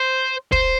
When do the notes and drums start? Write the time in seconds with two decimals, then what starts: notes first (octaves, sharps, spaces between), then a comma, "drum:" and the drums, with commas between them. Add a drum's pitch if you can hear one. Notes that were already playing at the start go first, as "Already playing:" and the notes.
Already playing: C5
0.52 C5, drum: kick